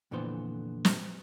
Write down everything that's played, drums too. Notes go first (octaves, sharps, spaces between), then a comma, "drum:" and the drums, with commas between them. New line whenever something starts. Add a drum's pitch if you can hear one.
F2 A#2 D3 E3 B3 C5
drum: snare